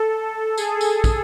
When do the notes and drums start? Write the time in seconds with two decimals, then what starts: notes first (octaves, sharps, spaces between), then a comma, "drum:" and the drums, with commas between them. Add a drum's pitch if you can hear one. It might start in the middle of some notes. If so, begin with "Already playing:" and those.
Already playing: A4
0.58 G#4, drum: tambourine
0.81 drum: tambourine
1.04 drum: kick, tambourine